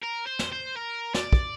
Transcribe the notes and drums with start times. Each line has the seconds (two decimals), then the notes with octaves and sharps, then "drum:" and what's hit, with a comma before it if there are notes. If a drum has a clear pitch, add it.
0.02 A#4
0.26 C5
0.39 drum: snare
0.52 C5
0.76 A#4
1.14 D5, drum: snare
1.33 drum: kick